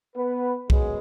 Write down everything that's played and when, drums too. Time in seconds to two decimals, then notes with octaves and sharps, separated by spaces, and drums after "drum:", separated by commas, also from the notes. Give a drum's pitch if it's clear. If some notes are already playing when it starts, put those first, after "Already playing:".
0.16 B3 B4
0.70 F#2 F#3 G#3 B3 G#4, drum: kick